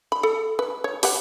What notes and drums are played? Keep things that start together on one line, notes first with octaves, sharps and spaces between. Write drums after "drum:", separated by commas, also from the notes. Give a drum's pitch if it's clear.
B5
A4
B4
C#5
G4 B4 F#5, drum: open hi-hat